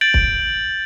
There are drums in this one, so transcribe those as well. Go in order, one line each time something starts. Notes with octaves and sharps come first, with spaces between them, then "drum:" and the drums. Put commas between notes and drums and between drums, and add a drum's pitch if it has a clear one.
G6 A6 D7 F#7
drum: kick